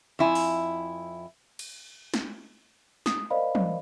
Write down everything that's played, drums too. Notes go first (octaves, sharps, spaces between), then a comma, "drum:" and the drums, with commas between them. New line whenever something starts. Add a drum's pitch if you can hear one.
F2 E4 G#5
drum: open hi-hat
drum: cymbal
drum: snare
D#6, drum: snare
A#4 C5 D5 D#5 F5 B5
drum: tom